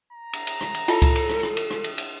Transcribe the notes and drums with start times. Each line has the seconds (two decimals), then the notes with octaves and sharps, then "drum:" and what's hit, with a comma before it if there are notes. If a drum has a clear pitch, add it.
0.13 A#5
0.33 drum: cymbal
0.47 drum: cymbal
0.61 drum: rim click
0.74 drum: cymbal
0.88 E4 F4 A4 A5, drum: cymbal
1.02 drum: kick C#2, cymbal
1.16 drum: cymbal
1.29 drum: rim click
1.43 drum: rim click
1.57 drum: cymbal
1.70 drum: rim click
1.84 drum: cymbal
1.98 drum: cymbal